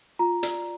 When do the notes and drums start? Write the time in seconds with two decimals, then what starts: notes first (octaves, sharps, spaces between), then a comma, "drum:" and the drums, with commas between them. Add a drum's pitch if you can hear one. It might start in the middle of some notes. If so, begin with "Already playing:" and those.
0.19 F4 A#5
0.43 D5, drum: hi-hat